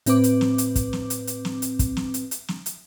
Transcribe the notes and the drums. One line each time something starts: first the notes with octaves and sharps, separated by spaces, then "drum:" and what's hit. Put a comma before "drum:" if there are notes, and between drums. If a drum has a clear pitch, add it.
A2 C4 B4 D6, drum: hi-hat
drum: hi-hat
drum: snare
drum: hi-hat
drum: kick, hi-hat
drum: snare
drum: hi-hat
drum: hi-hat
drum: snare
drum: hi-hat
drum: kick, hi-hat
drum: snare
drum: hi-hat
drum: hi-hat
drum: snare
drum: hi-hat